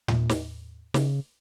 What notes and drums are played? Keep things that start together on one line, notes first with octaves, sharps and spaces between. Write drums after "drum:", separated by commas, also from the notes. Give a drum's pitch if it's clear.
A#2, drum: tom
drum: snare
C#3, drum: snare